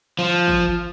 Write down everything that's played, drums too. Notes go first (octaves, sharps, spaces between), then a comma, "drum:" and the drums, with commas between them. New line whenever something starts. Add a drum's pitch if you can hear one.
F3
drum: kick